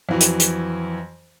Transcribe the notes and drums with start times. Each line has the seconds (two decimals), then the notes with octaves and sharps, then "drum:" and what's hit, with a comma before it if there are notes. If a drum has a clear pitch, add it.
0.09 F2 E3 F#3
0.21 drum: hi-hat
0.40 drum: hi-hat